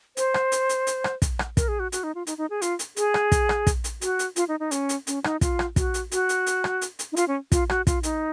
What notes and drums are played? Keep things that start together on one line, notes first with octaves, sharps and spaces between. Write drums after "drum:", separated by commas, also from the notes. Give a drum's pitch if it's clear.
C5, drum: hi-hat
drum: rim click
drum: hi-hat
drum: hi-hat
drum: hi-hat
drum: rim click
drum: kick, hi-hat
drum: rim click
A#4, drum: kick, hi-hat
G#4
F#4
F#4, drum: hi-hat
D#4
F4
D#4, drum: hi-hat
D#4
G#4
F4, drum: hi-hat
drum: hi-hat
G#4, drum: hi-hat
drum: rim click
drum: kick, hi-hat
drum: rim click
drum: kick, hi-hat
drum: hi-hat
F#4, drum: hi-hat
drum: hi-hat
F4, drum: hi-hat
D#4
D#4
C#4, drum: hi-hat
drum: hi-hat
C#4, drum: hi-hat
D#4, drum: rim click
F4, drum: kick, hi-hat
drum: rim click
F#4, drum: kick, hi-hat
drum: hi-hat
F#4, drum: hi-hat
drum: hi-hat
drum: hi-hat
drum: rim click
drum: hi-hat
drum: hi-hat
D#4
F4, drum: hi-hat
C#4
F4, drum: kick, hi-hat
F#4, drum: rim click
F4, drum: kick, hi-hat
D#4, drum: hi-hat